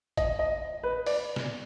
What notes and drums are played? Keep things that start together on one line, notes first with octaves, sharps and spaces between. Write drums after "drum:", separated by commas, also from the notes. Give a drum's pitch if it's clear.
D#5, drum: kick A1, hi-hat
D#5
B4
D5, drum: open hi-hat
drum: snare